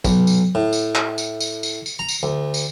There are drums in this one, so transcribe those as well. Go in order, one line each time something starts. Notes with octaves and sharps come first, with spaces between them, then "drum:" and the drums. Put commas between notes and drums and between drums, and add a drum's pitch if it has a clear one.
B1, drum: kick, tambourine
drum: tambourine
A2
drum: tambourine
drum: clap
drum: tambourine
drum: tambourine
drum: tambourine
drum: tambourine
A#5
drum: tambourine
D2
drum: tambourine